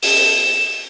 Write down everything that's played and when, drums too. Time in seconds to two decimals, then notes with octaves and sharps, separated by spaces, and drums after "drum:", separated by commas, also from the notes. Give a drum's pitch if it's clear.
0.03 E7, drum: open hi-hat